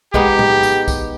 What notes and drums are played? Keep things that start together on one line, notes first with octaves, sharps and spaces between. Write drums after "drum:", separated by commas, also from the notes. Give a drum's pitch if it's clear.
G#3 B3 D#4 G4, drum: kick
drum: tom
drum: tambourine
drum: kick, tambourine